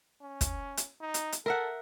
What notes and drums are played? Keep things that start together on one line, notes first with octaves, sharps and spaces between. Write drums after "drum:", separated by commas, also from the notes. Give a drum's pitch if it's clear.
C#4
drum: kick, hi-hat
drum: hi-hat
D#4
drum: hi-hat
drum: hi-hat
A4 A#4 E5 F#5